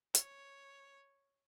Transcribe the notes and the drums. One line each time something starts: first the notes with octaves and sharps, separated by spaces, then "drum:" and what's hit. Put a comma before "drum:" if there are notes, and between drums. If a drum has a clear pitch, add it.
C#5, drum: hi-hat